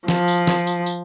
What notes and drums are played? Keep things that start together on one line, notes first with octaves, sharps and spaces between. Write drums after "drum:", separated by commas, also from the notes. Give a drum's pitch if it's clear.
F3, drum: snare
drum: tambourine
drum: snare
drum: tambourine
drum: tambourine